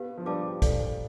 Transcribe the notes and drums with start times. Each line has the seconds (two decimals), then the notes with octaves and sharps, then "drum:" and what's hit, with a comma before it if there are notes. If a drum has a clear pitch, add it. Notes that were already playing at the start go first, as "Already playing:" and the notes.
Already playing: B3 G4 B4 F5
0.18 F3
0.26 G3 B4 D5 F5 A5 D6
0.62 A4 D5 F5, drum: kick, hi-hat